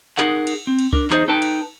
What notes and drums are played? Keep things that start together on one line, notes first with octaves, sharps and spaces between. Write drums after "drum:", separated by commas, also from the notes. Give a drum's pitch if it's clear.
D#4 G#4 A#4 F#5, drum: clap
drum: cymbal
C4
drum: cymbal
D4 A#4, drum: kick C#2
E2 D#4 G#4 C5 D#5, drum: clap
D#4 A4 B4 G5 A5
drum: cymbal